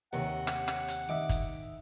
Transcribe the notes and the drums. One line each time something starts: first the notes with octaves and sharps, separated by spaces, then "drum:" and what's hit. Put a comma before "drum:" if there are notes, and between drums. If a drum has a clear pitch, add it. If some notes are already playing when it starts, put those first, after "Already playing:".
D#2 C3 C#5 F#5
drum: rim click
drum: rim click
drum: hi-hat
D#3 D#5 E5 D6
drum: kick F#1, hi-hat